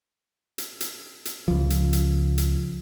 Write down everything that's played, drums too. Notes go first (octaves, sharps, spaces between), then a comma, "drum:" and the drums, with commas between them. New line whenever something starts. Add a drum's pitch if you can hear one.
drum: hi-hat
drum: hi-hat
drum: hi-hat
C#2 F3
drum: hi-hat
drum: hi-hat
drum: hi-hat